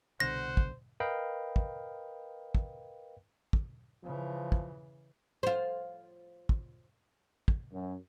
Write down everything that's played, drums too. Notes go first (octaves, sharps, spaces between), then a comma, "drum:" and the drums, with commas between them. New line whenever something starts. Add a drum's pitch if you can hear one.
C2 B2 D3 C5 F#5 A#6
drum: kick
A#4 B4 D#5 F5 G5 B5
drum: kick
drum: kick
drum: kick
C#3 E3 F3
drum: kick
F4 C5
drum: kick
drum: kick
F#2